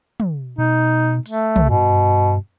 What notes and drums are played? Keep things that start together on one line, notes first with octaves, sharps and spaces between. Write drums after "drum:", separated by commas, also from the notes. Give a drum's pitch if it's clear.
drum: tom
B2 D#4
A3, drum: open hi-hat
C2, drum: tom
G2 B2